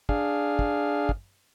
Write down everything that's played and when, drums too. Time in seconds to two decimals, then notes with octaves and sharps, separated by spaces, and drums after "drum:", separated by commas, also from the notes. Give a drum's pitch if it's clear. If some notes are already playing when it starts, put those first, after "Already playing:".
0.09 D4 G#4 F5, drum: kick
0.59 drum: kick
1.09 drum: kick